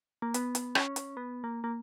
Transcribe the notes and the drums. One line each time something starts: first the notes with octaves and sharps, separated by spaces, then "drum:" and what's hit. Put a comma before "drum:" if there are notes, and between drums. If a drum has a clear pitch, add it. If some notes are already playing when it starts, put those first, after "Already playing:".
A#3
B3, drum: hi-hat
drum: hi-hat
C#4, drum: rim click
drum: hi-hat
B3
A#3
A#3